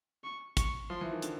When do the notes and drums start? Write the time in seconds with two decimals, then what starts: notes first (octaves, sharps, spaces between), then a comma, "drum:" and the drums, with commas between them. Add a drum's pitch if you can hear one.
0.24 C#6
0.57 C#6, drum: kick, hi-hat
0.89 F3 C6
1.01 E3
1.12 D#3
1.22 D3, drum: hi-hat